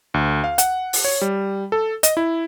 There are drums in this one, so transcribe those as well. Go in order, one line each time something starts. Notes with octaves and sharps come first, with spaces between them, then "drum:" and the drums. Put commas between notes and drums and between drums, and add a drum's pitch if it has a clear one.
D2
F5
F#5, drum: hi-hat
drum: open hi-hat
C#5
G3
A4
D#5, drum: hi-hat
E4